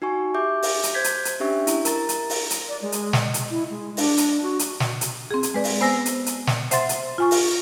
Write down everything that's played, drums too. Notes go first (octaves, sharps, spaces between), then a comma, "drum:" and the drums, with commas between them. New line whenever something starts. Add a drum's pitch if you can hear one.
D#4 F#4 G#5 C#6
G4 E5 D6 G6
drum: open hi-hat
drum: hi-hat
C5 G6 G#6 B6
drum: hi-hat
drum: hi-hat
C#4 D4 G4 E5 C#6
E4, drum: hi-hat
A#4 A#5 A6, drum: hi-hat
drum: hi-hat
drum: open hi-hat
drum: hi-hat
D5
G#3
drum: hi-hat
drum: snare
D#5
drum: hi-hat
E4
G#3
D4, drum: open hi-hat
drum: hi-hat
F#4
drum: hi-hat
drum: snare
drum: hi-hat
C4 G#4
drum: hi-hat
G#3 B4 D5
drum: open hi-hat
B3 C5 G#5 E6 A#6
drum: hi-hat
drum: hi-hat
drum: snare
C5 E5 F#5 C6 A6, drum: hi-hat
drum: hi-hat
F4 G#5 C#6
drum: open hi-hat